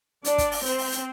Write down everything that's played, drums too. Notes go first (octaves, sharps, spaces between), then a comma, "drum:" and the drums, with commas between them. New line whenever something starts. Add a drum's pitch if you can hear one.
D4 D5, drum: hi-hat
drum: kick, hi-hat
drum: open hi-hat
C4 C5, drum: hi-hat
drum: open hi-hat
drum: hi-hat